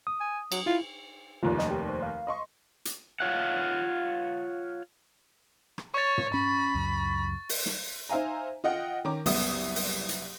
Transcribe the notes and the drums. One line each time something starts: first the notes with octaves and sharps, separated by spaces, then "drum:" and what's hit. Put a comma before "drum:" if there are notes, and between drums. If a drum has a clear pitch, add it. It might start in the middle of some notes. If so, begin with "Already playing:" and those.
D#6
G#5
F#3, drum: cymbal
E4 F4
F1 D#2 F4 D5
D#5, drum: snare
G4
C5
F5
D#5 C6 C#6
drum: hi-hat
F4 C#5 F5 F#5
drum: rim click
C#5 C#6 A6
drum: tom
C#4 B5
C#2 F#2
drum: open hi-hat
drum: snare
D#4 C5 E5 F5 G#5 A#5
F4 D#5 F#5 G5
D#3 C#4 A#5 D6
F#1 C2 B3 E5 D#6, drum: open hi-hat
drum: open hi-hat
drum: hi-hat